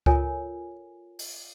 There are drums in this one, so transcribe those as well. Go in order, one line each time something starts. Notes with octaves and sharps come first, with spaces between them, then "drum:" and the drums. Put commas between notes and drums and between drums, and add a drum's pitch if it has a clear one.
F4 A4 A#4 C#5 G#5, drum: kick C#2
drum: open hi-hat